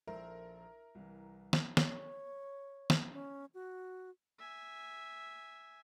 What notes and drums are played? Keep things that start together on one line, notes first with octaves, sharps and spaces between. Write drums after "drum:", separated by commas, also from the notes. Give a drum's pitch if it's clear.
A#1 A4 A#4 C5 E5
C2 E3
drum: snare
C#5, drum: snare
drum: snare
C#4
F#4
E5 G#5